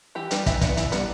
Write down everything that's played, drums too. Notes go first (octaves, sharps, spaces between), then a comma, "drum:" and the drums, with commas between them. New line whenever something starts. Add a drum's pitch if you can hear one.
E3 G4
G3 D4 B4, drum: hi-hat
E3 E5, drum: kick, hi-hat
B3 D4, drum: kick, hi-hat
E3, drum: hi-hat
G3 B3 D4, drum: hi-hat